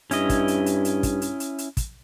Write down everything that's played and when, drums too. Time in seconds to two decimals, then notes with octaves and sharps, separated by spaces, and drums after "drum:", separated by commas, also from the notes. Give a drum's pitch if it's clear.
0.11 G2 C#4 E4 D#5, drum: hi-hat
0.29 drum: kick, hi-hat
0.48 drum: hi-hat
0.66 drum: hi-hat
0.85 drum: hi-hat
1.03 drum: kick, hi-hat
1.22 drum: hi-hat
1.40 drum: hi-hat
1.58 drum: hi-hat
1.77 drum: kick, hi-hat